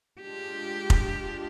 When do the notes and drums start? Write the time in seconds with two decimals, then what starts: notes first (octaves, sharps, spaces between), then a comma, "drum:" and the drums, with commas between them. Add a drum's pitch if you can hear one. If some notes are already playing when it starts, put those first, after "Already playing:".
0.21 G#3 D4 F4 G4
0.90 drum: kick F1